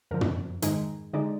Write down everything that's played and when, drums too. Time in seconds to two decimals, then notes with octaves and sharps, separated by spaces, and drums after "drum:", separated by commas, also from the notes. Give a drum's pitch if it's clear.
0.11 F2 D3 F3 A#4
0.21 drum: tom
0.62 G#2 D#3 G#3 D#4, drum: hi-hat
1.13 D3 G#3 D#4 D5